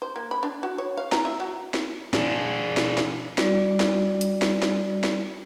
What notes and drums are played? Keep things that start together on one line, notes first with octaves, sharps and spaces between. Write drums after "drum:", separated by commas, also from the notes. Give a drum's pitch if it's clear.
C5
A#3
B5
D4
F#4
C#5
F5
A#5, drum: snare
E5
F#4
drum: snare
D4 G#4, drum: snare
drum: snare
drum: snare
G3 D4 F#4 D5, drum: snare
drum: snare
drum: hi-hat
drum: snare
drum: snare
drum: snare